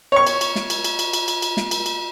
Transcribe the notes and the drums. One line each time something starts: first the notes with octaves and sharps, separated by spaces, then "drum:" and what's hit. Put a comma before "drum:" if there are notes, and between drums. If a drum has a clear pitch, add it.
C#5 C#6
drum: cymbal
drum: cymbal
drum: snare
drum: cymbal
drum: cymbal
drum: cymbal
drum: cymbal
drum: cymbal
drum: cymbal
drum: snare
drum: cymbal
drum: cymbal